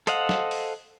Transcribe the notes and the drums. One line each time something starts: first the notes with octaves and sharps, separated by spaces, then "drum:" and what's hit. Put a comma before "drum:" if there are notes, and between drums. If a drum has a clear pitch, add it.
A4 C5 D#5 F5 F#5, drum: hi-hat
drum: snare
drum: open hi-hat